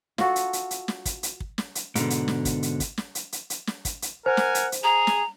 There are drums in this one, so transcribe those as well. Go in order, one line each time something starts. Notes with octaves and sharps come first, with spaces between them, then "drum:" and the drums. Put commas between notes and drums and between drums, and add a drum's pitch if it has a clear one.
F4 F#4 A4, drum: snare
drum: hi-hat
drum: hi-hat
drum: hi-hat
drum: snare
drum: kick, hi-hat
drum: hi-hat
drum: kick
drum: snare
drum: hi-hat
G#2 B2 D3, drum: hi-hat
drum: hi-hat
drum: snare
drum: kick, hi-hat
drum: hi-hat
drum: kick, hi-hat
drum: snare
drum: hi-hat
drum: hi-hat
drum: hi-hat
drum: snare
drum: kick, hi-hat
drum: hi-hat
A#4 C5 F#5 G#5
drum: snare
drum: hi-hat
drum: hi-hat
G#4 A#5
drum: snare